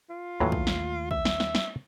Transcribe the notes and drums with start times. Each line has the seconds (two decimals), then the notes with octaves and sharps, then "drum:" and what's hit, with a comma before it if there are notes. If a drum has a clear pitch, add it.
0.10 F4
0.40 D#2 A2 E3 F#3 A3 A#3
0.52 drum: kick
0.67 drum: snare
1.11 E5, drum: kick
1.25 drum: snare
1.40 drum: snare
1.55 drum: snare